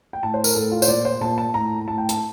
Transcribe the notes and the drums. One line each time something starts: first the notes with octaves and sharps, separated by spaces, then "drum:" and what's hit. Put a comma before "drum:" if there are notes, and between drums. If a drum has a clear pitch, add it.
G5
A2 A5
C5
A#4, drum: tambourine
A2 A4
F4
C5, drum: tambourine
A#2 D5
C5
A#2 A5
A5
A2 A#5
A2 A5
G5
A5, drum: hi-hat